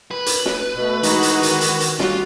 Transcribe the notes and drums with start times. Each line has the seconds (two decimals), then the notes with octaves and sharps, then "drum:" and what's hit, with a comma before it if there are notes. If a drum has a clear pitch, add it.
0.11 B4
0.26 drum: hi-hat
0.46 drum: snare
0.74 B2 A3
1.03 E3 G#3 D#4 F#4, drum: hi-hat
1.23 drum: hi-hat
1.43 D#3, drum: hi-hat
1.61 drum: hi-hat
1.80 drum: hi-hat
1.99 G3 F4 F#4, drum: snare